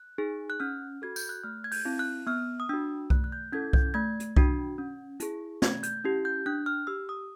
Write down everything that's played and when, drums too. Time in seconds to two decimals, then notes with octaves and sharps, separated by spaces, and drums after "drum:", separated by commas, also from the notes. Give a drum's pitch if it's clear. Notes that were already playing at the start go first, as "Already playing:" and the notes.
Already playing: F#6
0.18 D#4 G#4
0.50 F#6
0.60 C#4 F6
1.02 F#4 A4 G#6
1.16 G6, drum: tambourine
1.29 F#6
1.44 A3 F6
1.64 G#6
1.72 G6, drum: open hi-hat
1.85 C4 E4
1.99 F#6
2.27 B3 F6
2.60 D#6
2.69 D4 F#4 E6
3.10 A3 F#6, drum: kick C2
3.24 F#6
3.32 G6
3.52 C#4 E4 A4 G#6
3.73 G6, drum: kick C2
3.94 A3 G#6
4.20 drum: hi-hat
4.36 D4 F#4, drum: kick C2
4.78 C#4
5.20 E4 G#4, drum: hi-hat
5.62 A3 G#6, drum: snare
5.83 G6, drum: hi-hat
6.04 C#4 E4 G4
6.25 G6
6.46 D4 F#6
6.66 F6
6.87 G4 E6
7.09 D#6